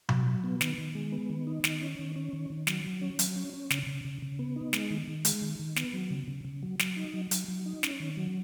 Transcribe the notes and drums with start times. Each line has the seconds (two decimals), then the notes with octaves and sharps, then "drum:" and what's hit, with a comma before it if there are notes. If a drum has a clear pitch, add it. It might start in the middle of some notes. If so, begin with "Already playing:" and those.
0.09 F#3, drum: tom B2
0.27 F#3
0.44 B3
0.61 D#3, drum: snare
0.78 D#3
0.95 G#3
1.12 B3
1.30 D#3
1.47 D#4
1.64 D#3, drum: snare
1.81 C#4
1.99 D#3
2.16 C#4
2.33 D#3
2.50 D#3
2.67 F#3, drum: snare
2.84 F#3
3.01 C#4
3.19 F#3, drum: hi-hat
3.36 C#4
3.53 C#4
3.70 C#3, drum: snare
3.87 C#3
4.05 C#3
4.22 C#3
4.39 B3
4.56 D#4
4.73 G#3, drum: snare
4.90 D#3
5.07 D#3
5.25 G#3, drum: hi-hat
5.42 D#3
5.59 D#3
5.76 B3, drum: snare
5.93 F#3
6.11 C#3
6.28 C#3
6.45 C#3
6.63 F#3
6.79 F#3, drum: snare
6.97 D#4
7.14 F#3
7.31 F#3, drum: hi-hat
7.48 F#3
7.66 D#4
7.83 C#4, drum: snare
8.00 D#3
8.17 F#3